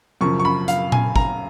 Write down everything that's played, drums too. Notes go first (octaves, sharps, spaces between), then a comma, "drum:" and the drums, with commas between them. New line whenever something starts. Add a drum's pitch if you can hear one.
F#2 C#3 F3 C#6
C#6
B5
F5, drum: hi-hat
G#5, drum: tom A#2
A#5, drum: kick